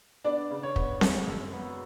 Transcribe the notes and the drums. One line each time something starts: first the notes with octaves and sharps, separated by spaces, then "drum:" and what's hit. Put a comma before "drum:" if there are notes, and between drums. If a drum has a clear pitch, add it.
B3 D4 D5
C#3
C#5
B3, drum: kick
G#3, drum: snare C4
F#2
B3